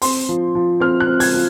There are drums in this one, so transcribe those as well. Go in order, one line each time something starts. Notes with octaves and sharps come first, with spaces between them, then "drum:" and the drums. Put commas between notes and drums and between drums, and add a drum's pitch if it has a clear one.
C4 C6, drum: open hi-hat
F3
F3
C4 F6
F#6
C4
G#6, drum: open hi-hat
F3